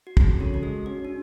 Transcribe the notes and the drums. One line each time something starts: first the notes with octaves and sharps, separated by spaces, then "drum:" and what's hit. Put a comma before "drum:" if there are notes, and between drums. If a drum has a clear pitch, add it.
F#4
F2 G#4, drum: kick
C#3 F#4 A4
F#4
G#3 G#4
C#4 F#4
D4